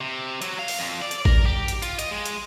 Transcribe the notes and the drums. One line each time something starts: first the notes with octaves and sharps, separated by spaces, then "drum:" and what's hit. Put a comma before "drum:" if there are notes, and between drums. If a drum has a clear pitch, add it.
C3
F#3, drum: hi-hat
F5
drum: open hi-hat
F2
D5
drum: hi-hat
A#4, drum: kick
G4
drum: hi-hat
F4, drum: hi-hat
D#5, drum: hi-hat
G#3
drum: hi-hat